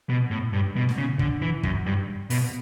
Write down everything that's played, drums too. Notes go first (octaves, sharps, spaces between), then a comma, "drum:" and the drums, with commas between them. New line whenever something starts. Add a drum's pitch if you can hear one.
B2
A2
G2
B2
drum: snare
C#3
D3, drum: kick
E3
F#2, drum: kick
G2
B2, drum: open hi-hat